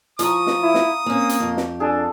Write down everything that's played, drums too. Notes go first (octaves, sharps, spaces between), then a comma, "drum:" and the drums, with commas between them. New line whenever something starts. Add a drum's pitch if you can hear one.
F3 F5 A#5 C#6 D#6, drum: hi-hat
drum: snare
E4
drum: snare
A#3 C4 C#4
drum: hi-hat
F2 G4
drum: snare
D4 G#4 A4